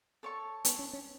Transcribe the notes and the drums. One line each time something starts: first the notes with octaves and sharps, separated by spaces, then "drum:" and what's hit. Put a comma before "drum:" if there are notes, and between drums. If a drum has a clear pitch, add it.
A4 C#5 A5 C#6
B3, drum: hi-hat
C#4
C#4